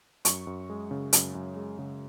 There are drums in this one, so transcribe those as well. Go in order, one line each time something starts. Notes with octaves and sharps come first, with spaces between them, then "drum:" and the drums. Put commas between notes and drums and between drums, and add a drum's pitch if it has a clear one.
F#2 C#6, drum: hi-hat
F#2
G#3
C#3
F#2, drum: hi-hat
F#2
G#3
C#3